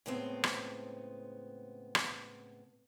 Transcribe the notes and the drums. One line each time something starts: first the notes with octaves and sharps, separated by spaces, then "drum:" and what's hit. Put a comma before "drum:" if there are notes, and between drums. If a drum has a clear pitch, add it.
A2 C#3 G#3 B3 C4
drum: rim click
drum: rim click